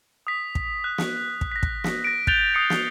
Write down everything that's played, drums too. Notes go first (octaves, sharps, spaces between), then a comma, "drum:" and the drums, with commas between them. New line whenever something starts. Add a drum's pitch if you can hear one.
D#6 B6
drum: kick
F#6
drum: snare
drum: kick
A#6 B6
drum: kick
drum: snare
A#6 D7
F#6 G6 A6 D7 F7 G7, drum: kick
D#6 C7 C#7
drum: snare